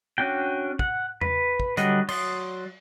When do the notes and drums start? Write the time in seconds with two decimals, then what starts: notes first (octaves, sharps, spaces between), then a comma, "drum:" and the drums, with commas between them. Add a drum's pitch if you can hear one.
0.18 C#4 D4 F#4 G5
0.79 F#5, drum: kick
1.21 B4, drum: tom E2
1.60 drum: kick
1.77 D3 F#3 G3 D#5 F#5, drum: hi-hat
2.09 F#3 D5 C6 D#6, drum: cymbal